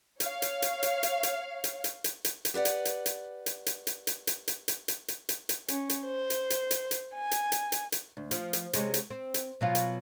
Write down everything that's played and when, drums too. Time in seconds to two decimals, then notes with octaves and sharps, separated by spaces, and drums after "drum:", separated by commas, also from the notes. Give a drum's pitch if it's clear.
0.20 C#5 F5, drum: hi-hat
0.42 drum: hi-hat
0.62 drum: hi-hat
0.83 drum: hi-hat
1.03 drum: hi-hat
1.23 drum: hi-hat
1.64 drum: hi-hat
1.84 drum: hi-hat
2.04 drum: hi-hat
2.25 drum: hi-hat
2.45 drum: hi-hat
2.54 G4 B4 D5 F#5
2.65 drum: hi-hat
2.85 drum: hi-hat
3.06 drum: hi-hat
3.46 drum: hi-hat
3.66 drum: hi-hat
3.87 drum: hi-hat
4.07 drum: hi-hat
4.27 drum: hi-hat
4.48 drum: hi-hat
4.68 drum: hi-hat
4.88 drum: hi-hat
5.08 drum: hi-hat
5.29 drum: hi-hat
5.49 drum: hi-hat
5.68 C#4, drum: hi-hat
5.90 drum: hi-hat
6.06 C5
6.30 drum: hi-hat
6.50 drum: hi-hat
6.71 drum: hi-hat
6.91 drum: hi-hat
7.15 G#5
7.31 drum: hi-hat
7.52 drum: hi-hat
7.72 drum: hi-hat
7.92 drum: hi-hat
8.17 D2
8.31 F3, drum: hi-hat
8.53 drum: hi-hat
8.73 C3 G#3 C#4, drum: hi-hat
8.94 drum: hi-hat
9.10 C4
9.34 drum: hi-hat
9.61 B2 F#3 F4
9.75 drum: hi-hat